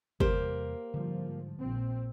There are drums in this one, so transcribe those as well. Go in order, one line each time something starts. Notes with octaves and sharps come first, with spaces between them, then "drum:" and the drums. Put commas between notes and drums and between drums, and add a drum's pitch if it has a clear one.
E2 C3 G3 A#3 G4 C5, drum: kick G1
G#2 D3 F3 G3
A#1 C4